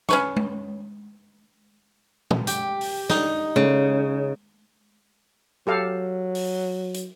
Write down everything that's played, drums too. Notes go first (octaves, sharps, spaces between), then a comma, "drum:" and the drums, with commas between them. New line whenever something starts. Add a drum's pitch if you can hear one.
C#4 B4 C#6, drum: snare
drum: tom G#3
drum: tom
G4, drum: hi-hat
drum: open hi-hat
D#4, drum: snare
C#3, drum: tom G#3
F#3 G4 A4 F5
drum: open hi-hat
drum: hi-hat